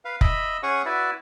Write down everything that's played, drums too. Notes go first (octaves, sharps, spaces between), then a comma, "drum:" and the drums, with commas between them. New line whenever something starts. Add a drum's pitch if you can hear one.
B4 F5
D#5 E5 B5, drum: kick F1
C#4 G#4 C#5 F#5 C#6 D#6
E4 F#4 B4 D5 E5